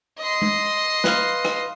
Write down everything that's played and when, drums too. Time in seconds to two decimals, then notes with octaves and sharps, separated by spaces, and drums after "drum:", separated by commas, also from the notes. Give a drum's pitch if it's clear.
0.19 D#5 C6
0.42 drum: tom
1.04 B4 F5, drum: snare
1.45 drum: rim click